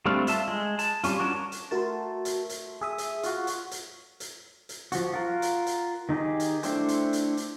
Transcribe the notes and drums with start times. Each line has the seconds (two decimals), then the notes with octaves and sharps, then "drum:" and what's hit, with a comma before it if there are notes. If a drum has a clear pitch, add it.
0.06 G3 A3 C4 D4 F5
0.27 F4 E5 A5, drum: hi-hat
0.48 G#3
0.79 A5, drum: hi-hat
1.04 G3 C#4 F4, drum: hi-hat
1.19 D4 F#4 A#4 C#5 A5
1.52 drum: hi-hat
1.71 A3 F#4 A#4 A5 C6
2.25 drum: hi-hat
2.49 drum: hi-hat
2.81 G#4 E5 D#6
2.98 drum: hi-hat
3.23 F4 F#4, drum: hi-hat
3.47 drum: hi-hat
3.71 drum: hi-hat
4.20 drum: hi-hat
4.69 drum: hi-hat
4.92 F3 F#4, drum: hi-hat
5.14 F4 A#4 F#5
5.42 drum: hi-hat
5.67 drum: hi-hat
6.09 D#3 D#4 G4 G#4
6.40 drum: hi-hat
6.63 A3 D4 E4 C5 G5, drum: hi-hat
6.88 drum: hi-hat
7.13 drum: hi-hat
7.37 drum: hi-hat